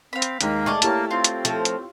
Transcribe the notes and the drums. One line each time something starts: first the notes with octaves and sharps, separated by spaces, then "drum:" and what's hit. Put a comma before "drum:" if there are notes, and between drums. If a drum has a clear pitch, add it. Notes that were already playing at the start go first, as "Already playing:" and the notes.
C4 F5 B5
drum: hi-hat
D#2 G#3 A#3 D#4, drum: hi-hat
A3 G#4 D5 D#5 C#6 F6
A#3 E4 G4 C#5 A5, drum: hi-hat
C4 F4
drum: hi-hat
F3 A3, drum: hi-hat
drum: hi-hat